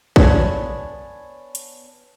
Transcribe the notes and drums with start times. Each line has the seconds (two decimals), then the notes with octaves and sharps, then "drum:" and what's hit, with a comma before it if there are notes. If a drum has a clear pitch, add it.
0.16 B3 D4 C#5 G#5, drum: kick
1.55 drum: hi-hat